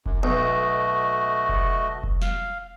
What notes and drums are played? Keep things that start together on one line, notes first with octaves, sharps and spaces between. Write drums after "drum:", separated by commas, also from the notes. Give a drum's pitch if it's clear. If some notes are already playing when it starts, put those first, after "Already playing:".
F#2, drum: kick F1
B1 A3 F#4 D#5
drum: kick F1
drum: kick F1
F5, drum: snare